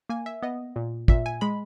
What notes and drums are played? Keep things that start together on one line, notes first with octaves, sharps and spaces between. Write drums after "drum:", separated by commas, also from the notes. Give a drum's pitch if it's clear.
A#3 G#5
E5
B3 D#5
A#2
A#2 E5, drum: kick
G#5
G#3 B5